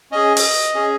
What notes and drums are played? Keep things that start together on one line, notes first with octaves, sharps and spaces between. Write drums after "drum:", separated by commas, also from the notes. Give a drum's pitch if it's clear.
C#4 G#4 D#5
drum: open hi-hat
C#4 G#4